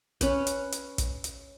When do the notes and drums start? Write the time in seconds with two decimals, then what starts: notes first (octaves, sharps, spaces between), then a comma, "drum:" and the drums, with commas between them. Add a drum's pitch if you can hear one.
0.21 C#4 B4, drum: kick, hi-hat
0.47 drum: hi-hat
0.72 drum: hi-hat
0.98 drum: kick, hi-hat
1.24 drum: hi-hat